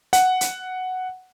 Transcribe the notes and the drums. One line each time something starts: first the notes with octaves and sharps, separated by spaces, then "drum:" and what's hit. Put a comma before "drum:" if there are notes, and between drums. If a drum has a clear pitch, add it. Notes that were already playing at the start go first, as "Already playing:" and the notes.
F#5, drum: hi-hat
drum: hi-hat